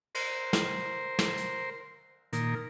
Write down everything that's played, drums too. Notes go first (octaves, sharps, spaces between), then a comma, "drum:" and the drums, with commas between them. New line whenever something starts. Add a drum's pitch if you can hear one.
A#4 C5, drum: cymbal
drum: snare
drum: snare
drum: hi-hat
A#2 D#3 A#4, drum: hi-hat